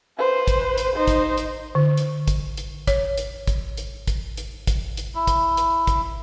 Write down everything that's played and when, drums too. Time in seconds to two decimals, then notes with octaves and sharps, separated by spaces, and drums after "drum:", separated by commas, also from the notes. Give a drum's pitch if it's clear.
0.18 B4 C5
0.48 drum: kick, hi-hat
0.78 drum: hi-hat
0.96 D#4 C5
1.08 drum: kick, hi-hat
1.38 drum: hi-hat
1.75 D3
1.97 drum: hi-hat
2.27 drum: kick, hi-hat
2.57 drum: hi-hat
2.87 C#5, drum: kick, hi-hat
3.17 drum: hi-hat
3.47 drum: kick, hi-hat
3.77 drum: hi-hat
4.07 drum: kick, hi-hat
4.37 drum: hi-hat
4.67 drum: kick, hi-hat
4.97 drum: hi-hat
5.15 E4
5.27 drum: kick, hi-hat
5.57 drum: hi-hat
5.87 drum: kick, hi-hat